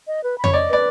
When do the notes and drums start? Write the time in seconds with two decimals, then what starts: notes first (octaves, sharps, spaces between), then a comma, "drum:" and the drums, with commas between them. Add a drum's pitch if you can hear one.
0.08 D#5
0.23 B4
0.38 B5
0.44 C#5, drum: tom F2
0.53 D5 D#5
0.69 B4 D5